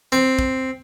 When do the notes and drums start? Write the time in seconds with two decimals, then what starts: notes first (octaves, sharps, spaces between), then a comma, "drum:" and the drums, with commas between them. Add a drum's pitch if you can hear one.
0.12 C4, drum: hi-hat
0.39 drum: kick